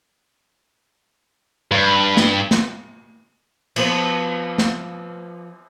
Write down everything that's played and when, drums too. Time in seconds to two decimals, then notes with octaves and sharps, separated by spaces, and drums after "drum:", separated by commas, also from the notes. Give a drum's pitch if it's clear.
1.71 G2
2.17 drum: snare
2.51 drum: snare
3.76 F3 B3 C5, drum: cymbal
4.58 drum: snare